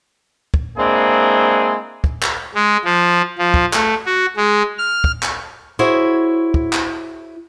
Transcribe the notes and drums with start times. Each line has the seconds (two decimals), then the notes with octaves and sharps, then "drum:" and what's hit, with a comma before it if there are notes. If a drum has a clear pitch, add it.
0.54 drum: kick
0.77 G#3 A#3 C4 D4 E4 G#4
2.04 drum: kick
2.23 drum: clap
2.55 G#3
2.85 F3
3.38 F3
3.54 drum: kick
3.73 A3, drum: clap
4.06 F#4
4.37 G#3
4.78 F6
5.04 drum: kick
5.23 drum: clap
5.79 E4 F#4 G#4 C5 C#5
6.54 drum: kick
6.73 drum: clap